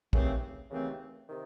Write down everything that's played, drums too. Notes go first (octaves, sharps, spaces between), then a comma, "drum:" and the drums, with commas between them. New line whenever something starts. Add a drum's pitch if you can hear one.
D#2 C#3 E3 A3 C4, drum: kick
D#2 C#3 E3 A3 C4
C3 D#3